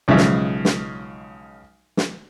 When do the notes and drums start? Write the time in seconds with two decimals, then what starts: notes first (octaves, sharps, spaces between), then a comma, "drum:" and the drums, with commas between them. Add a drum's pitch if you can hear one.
0.08 B1 C#3 F3 G#3 E5
0.17 drum: snare
0.65 drum: snare
1.97 drum: snare